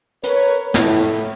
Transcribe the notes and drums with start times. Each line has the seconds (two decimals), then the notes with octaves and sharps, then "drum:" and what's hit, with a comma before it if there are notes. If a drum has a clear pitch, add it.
0.23 A#4 B4 C#5, drum: hi-hat
0.74 A2, drum: snare